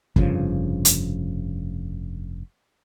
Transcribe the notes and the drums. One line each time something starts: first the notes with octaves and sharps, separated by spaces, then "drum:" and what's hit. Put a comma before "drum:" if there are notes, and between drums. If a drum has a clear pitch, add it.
F1 G2 C#3 F3, drum: kick
drum: hi-hat